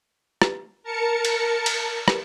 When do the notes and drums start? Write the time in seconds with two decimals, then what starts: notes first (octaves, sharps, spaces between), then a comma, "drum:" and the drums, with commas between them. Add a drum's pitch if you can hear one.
0.42 drum: rim click
0.83 A#4 A5 C#7
1.25 drum: cymbal
1.66 drum: cymbal
2.08 drum: rim click